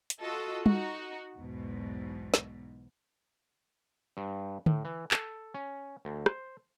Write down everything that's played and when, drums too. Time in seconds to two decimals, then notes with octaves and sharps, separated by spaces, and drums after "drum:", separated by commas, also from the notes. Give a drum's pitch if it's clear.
0.10 drum: hi-hat
0.21 F4 F#4 A4 D#5 E6
0.66 D#4 F#4, drum: tom
1.36 B1 E2 G#2 B2
2.34 drum: snare
4.17 G2
4.66 A2, drum: tom D3
4.85 E3
5.11 A4, drum: clap
5.54 C#4
6.05 D2
6.26 C5, drum: rim click